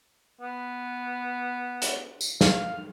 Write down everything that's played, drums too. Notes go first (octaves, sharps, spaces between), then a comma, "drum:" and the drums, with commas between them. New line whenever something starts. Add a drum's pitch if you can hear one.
B3
drum: hi-hat
drum: tambourine
F5, drum: snare